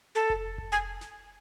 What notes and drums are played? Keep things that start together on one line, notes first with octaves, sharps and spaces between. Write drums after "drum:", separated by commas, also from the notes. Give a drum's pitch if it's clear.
A4
drum: kick F1
drum: kick F1
G#5
drum: snare